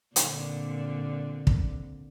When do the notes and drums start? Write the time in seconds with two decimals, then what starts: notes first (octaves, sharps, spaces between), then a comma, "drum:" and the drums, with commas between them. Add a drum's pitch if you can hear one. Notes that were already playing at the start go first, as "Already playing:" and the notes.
0.16 A#2 D3 C4, drum: hi-hat
1.47 drum: kick